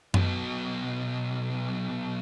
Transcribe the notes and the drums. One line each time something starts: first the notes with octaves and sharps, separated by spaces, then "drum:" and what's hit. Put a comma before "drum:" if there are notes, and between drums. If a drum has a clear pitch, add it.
B1 B2, drum: tom F#2